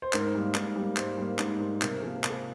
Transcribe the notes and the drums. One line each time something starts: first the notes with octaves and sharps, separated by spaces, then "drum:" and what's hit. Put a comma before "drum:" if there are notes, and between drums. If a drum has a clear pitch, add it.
C5
G#2 A#4, drum: clap
G3 A#3
G#2, drum: clap
G3 A#3
G#2 C5, drum: clap
G3 A#3
G#2, drum: clap
G3 A#3
C3 A#4, drum: clap
F3 A#3 G#4
A#4
C3, drum: clap
G#4